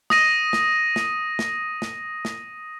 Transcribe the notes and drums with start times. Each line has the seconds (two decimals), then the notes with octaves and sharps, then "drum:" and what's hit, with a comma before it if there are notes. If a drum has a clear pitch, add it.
0.10 D#6 A#6 D#7, drum: snare
0.53 drum: snare
0.96 drum: snare
1.39 drum: snare
1.82 drum: snare
2.25 drum: snare